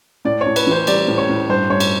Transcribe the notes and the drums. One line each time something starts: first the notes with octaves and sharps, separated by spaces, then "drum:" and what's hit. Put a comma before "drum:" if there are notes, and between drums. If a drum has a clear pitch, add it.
A2 D5
C#5
A2
B4, drum: cymbal
E3 C5
G3 D5, drum: cymbal
A2
C#5
A2
G2 C5
G2 C#5
drum: cymbal